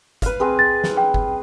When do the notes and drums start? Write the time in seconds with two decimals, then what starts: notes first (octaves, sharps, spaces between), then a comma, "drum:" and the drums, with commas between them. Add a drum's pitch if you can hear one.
0.22 B4 F5, drum: kick, hi-hat
0.40 C4 G#4 B4
0.59 A6
0.84 drum: snare
0.97 G5
1.14 drum: kick